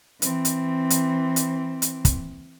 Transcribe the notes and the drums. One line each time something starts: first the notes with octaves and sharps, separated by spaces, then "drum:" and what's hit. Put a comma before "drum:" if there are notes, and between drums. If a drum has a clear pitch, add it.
E3 C4, drum: hi-hat
drum: hi-hat
drum: hi-hat
drum: hi-hat
drum: hi-hat
drum: kick, hi-hat